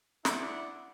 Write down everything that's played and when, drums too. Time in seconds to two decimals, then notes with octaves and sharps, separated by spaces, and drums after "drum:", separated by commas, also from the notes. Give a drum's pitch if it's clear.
0.25 D4 E4 F#5, drum: snare